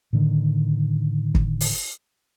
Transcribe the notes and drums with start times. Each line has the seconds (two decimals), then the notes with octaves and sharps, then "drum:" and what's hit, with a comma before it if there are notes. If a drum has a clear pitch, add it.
0.13 A2 D3 D#3
1.35 drum: kick
1.61 drum: open hi-hat